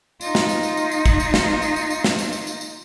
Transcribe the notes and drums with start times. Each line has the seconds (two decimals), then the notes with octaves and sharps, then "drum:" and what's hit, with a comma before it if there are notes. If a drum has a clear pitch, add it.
0.21 D#4 F4, drum: tambourine
0.35 drum: snare
0.49 drum: tambourine
0.63 drum: tambourine
0.77 drum: tambourine
0.91 drum: tambourine
1.06 drum: kick, tambourine
1.20 drum: tambourine
1.34 drum: snare
1.62 drum: tambourine
1.76 drum: tambourine
1.90 drum: tambourine
2.04 drum: snare
2.19 drum: tambourine
2.33 drum: tambourine
2.47 drum: tambourine
2.61 drum: tambourine